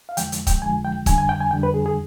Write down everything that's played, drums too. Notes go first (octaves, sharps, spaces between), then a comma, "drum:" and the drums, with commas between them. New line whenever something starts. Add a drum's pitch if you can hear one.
F5
F2 D3 F3 G#3 G5, drum: hi-hat
drum: hi-hat
G5, drum: kick C#1, hi-hat
F2 D3 F3 G#3 G#5
G5
F2 D3 G3 G#5, drum: kick C#1, hi-hat
G#5
G5
G#5
F2 D3 G3 G5
B4
G#4
G#4